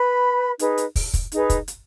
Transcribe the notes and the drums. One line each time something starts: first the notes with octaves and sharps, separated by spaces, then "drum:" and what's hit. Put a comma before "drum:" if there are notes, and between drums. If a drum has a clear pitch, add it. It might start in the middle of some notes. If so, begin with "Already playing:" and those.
Already playing: B4 B5
D#4 G#4 B4, drum: hi-hat
drum: hi-hat
drum: kick, open hi-hat
drum: kick, hi-hat
D#4 G#4 B4, drum: hi-hat
drum: kick, hi-hat
drum: hi-hat